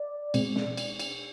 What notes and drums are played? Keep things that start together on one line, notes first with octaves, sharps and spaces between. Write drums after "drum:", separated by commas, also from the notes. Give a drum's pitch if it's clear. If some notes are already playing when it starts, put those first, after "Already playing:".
Already playing: D5
B2 G#3 C4, drum: cymbal
drum: snare
drum: cymbal
drum: cymbal